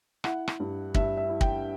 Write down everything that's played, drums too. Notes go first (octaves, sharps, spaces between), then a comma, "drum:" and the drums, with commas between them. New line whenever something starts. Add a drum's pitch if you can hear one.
E4 F#5, drum: rim click
drum: rim click
G2
G2 E5, drum: kick
E5
E4
G5, drum: kick